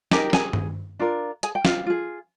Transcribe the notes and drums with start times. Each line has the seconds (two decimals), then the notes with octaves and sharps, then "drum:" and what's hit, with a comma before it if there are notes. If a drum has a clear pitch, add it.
0.11 D#4 G4 G#4 A#4 G#5, drum: snare
0.33 G#4 G#5, drum: snare
0.53 drum: tom G2
0.99 D4 F4 A#4
1.43 G#4 G#5, drum: hi-hat
1.55 G5
1.65 F4 F5, drum: snare
1.86 F4 G#4